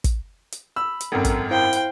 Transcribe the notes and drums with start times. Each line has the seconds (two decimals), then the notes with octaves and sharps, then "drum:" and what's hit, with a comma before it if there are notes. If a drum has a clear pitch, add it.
0.04 drum: kick, hi-hat
0.52 drum: hi-hat
0.76 B5 E6
1.00 drum: hi-hat
1.12 G#1 F#2 A4 A#4 G5
1.25 drum: kick, hi-hat
1.51 E4 C5 F5 G5
1.73 drum: hi-hat